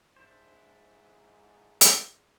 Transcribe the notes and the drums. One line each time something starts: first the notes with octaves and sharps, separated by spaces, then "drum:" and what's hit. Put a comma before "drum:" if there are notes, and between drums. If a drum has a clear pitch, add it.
G#2 D4 E4 C5
drum: hi-hat